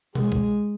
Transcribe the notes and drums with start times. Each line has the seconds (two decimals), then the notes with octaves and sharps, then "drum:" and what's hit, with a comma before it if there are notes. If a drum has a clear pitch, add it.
0.15 G#3, drum: tom B2
0.32 drum: kick